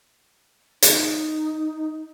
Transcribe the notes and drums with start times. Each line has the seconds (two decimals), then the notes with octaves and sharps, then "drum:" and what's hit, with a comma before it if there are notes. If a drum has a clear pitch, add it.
0.82 D#4, drum: hi-hat